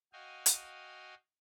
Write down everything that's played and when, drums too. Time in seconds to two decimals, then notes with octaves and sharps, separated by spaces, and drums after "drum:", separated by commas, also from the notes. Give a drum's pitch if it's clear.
0.13 F#4 D#5 F5 G5 G#5
0.46 drum: hi-hat